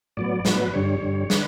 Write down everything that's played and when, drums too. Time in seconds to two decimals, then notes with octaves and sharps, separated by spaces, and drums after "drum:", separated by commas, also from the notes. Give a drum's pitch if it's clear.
0.17 A2 F#3 B3 D5
0.45 A2 F#3 B3 B4, drum: snare
0.74 G2 D3 G3 C#5
1.01 G2 D3 G3
1.30 D3 B4, drum: snare